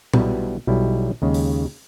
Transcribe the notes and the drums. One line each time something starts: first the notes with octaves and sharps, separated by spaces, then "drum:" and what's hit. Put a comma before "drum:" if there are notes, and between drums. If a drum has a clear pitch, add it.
B1 B2 G3 B3 E4, drum: tom A#2
B1 B2 G3 B3 E4
D#2 C#3 G#3
drum: open hi-hat